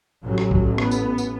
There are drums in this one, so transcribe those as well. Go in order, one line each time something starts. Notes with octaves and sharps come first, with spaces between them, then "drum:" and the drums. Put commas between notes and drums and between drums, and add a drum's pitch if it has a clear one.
A1 A2 F#3
drum: rim click
drum: kick B1
B3, drum: rim click
drum: tambourine
drum: tambourine